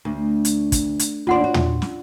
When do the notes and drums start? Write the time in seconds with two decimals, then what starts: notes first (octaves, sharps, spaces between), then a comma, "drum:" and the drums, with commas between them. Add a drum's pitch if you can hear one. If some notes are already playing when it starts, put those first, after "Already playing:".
0.05 D2
0.45 drum: hi-hat
0.72 drum: kick, hi-hat
0.99 drum: hi-hat
1.27 D#2 D4 F4 F#5 C6
1.44 F#4
1.54 drum: tom
1.82 drum: snare